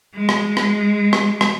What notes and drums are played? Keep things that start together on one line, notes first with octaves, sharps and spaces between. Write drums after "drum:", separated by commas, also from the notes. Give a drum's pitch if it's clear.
G#3
drum: rim click
drum: rim click
drum: rim click
drum: rim click